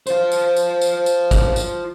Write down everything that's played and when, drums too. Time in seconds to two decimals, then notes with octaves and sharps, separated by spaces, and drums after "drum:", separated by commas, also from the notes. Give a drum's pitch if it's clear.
0.07 F4 C5, drum: tambourine
0.32 drum: tambourine
0.56 drum: tambourine
0.81 drum: tambourine
1.06 drum: tambourine
1.31 drum: kick, tambourine
1.56 drum: tambourine